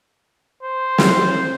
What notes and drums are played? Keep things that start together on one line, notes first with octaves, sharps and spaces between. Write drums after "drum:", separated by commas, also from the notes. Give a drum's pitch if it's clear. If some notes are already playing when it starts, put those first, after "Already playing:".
C5
drum: snare